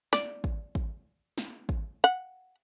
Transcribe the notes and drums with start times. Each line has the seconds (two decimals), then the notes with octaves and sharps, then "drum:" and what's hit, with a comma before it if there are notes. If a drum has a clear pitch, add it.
0.13 D5, drum: snare
0.44 drum: kick
0.75 drum: kick
1.38 drum: snare
1.69 drum: kick
2.04 F#5